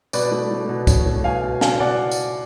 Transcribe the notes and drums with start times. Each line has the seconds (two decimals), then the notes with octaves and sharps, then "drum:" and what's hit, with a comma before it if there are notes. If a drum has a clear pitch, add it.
0.13 B2 B4 D5, drum: tambourine
0.31 A3
0.51 A3
0.69 B2
0.87 C#4, drum: kick C2, tambourine
1.06 A3
1.24 B2 F5 G#5
1.44 B2
1.61 B2 F5 G#5, drum: snare
1.80 B2 D5 F#5
2.11 drum: tambourine